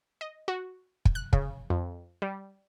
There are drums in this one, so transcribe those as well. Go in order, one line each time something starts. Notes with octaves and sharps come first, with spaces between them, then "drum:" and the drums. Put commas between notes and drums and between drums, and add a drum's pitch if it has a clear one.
D#5
F#4
drum: kick
F#6
C#3, drum: kick
F2
G3